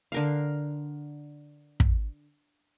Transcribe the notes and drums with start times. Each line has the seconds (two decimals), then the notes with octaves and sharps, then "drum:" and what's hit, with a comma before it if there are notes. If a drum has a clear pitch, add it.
0.12 D3 A#4 F5
1.80 drum: kick